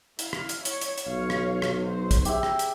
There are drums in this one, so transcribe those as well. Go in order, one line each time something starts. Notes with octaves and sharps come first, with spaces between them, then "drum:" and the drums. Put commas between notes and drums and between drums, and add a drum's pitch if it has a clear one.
E4 F5, drum: hi-hat
drum: rim click
drum: hi-hat
C#5, drum: hi-hat
drum: hi-hat
drum: hi-hat
B1 C#5 F5
drum: rim click
drum: rim click
F#3 C5
drum: kick, hi-hat
G4 G#4 E5, drum: hi-hat
drum: rim click
drum: hi-hat